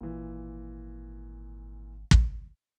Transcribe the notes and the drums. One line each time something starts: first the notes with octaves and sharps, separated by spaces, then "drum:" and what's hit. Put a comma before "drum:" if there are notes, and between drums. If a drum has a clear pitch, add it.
G#1 A#2 E3
drum: kick